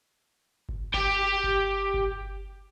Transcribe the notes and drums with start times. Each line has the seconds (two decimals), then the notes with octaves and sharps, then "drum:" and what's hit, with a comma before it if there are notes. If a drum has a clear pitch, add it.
0.69 drum: kick G1
0.94 G4 G5, drum: kick G1
1.44 drum: kick G1
1.94 drum: kick G1